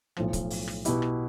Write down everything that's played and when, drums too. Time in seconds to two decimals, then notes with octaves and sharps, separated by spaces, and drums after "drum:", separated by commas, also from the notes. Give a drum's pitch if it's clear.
0.17 B1 A2 F3, drum: rim click
0.33 drum: kick C#1, hi-hat
0.50 drum: open hi-hat
0.68 drum: rim click
0.85 B2 B3 E4 G4, drum: hi-hat
1.02 drum: rim click